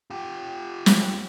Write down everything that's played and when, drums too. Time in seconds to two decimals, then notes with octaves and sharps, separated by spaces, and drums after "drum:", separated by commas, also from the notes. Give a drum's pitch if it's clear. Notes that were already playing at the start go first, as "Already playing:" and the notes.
0.10 F4 G4
0.86 drum: snare